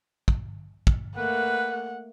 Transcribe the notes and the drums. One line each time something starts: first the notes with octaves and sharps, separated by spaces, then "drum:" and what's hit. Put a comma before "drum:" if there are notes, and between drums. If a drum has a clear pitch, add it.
drum: kick
drum: kick
A3 A#3 B4 F#5